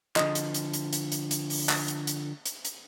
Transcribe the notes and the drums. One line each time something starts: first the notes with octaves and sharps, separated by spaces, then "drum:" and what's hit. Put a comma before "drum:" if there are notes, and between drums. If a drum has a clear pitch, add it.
D3 F3 D#5, drum: clap
drum: hi-hat
drum: hi-hat
drum: hi-hat
drum: hi-hat
drum: hi-hat
drum: hi-hat
drum: open hi-hat
drum: clap
drum: hi-hat
drum: hi-hat
drum: hi-hat
drum: hi-hat